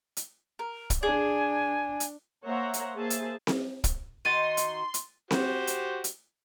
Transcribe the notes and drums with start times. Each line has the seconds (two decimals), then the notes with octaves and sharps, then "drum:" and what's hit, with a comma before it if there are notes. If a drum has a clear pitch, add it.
0.17 drum: hi-hat
0.59 A#4
0.90 drum: kick, hi-hat
1.03 D4 G#4 G#5
2.00 drum: hi-hat
2.45 A#3 C5 C#5 E5 F#5 A#5
2.74 drum: hi-hat
2.95 A#3 G#4 C5 E5 A5
3.10 drum: hi-hat
3.47 drum: snare C4
3.84 drum: kick, hi-hat
4.25 D#3 D#4 F#4 C6 A6 D#7
4.57 drum: hi-hat
4.94 drum: hi-hat
5.31 F#4 G4 C5, drum: snare C4
5.67 drum: hi-hat
6.04 drum: hi-hat